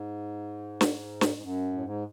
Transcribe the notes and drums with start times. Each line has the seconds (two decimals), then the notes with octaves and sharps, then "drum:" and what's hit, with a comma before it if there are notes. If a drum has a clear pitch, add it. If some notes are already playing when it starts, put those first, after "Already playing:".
Already playing: G#2
0.81 drum: snare
1.21 drum: snare
1.35 G#2
1.42 F#2
1.73 A2
1.82 G#2